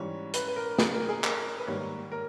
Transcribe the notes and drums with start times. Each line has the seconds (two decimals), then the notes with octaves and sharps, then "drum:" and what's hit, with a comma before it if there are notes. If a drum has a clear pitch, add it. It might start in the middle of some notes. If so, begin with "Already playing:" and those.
Already playing: G#2 E3 G3 C#4 C#5
0.34 B4, drum: hi-hat
0.48 B4
0.56 A#4
0.79 G#4, drum: snare
0.94 A#4
1.09 G#4
1.24 A#4, drum: clap
1.58 B4
1.67 G#2 D#3 G3 A#3 C#5
2.12 A#4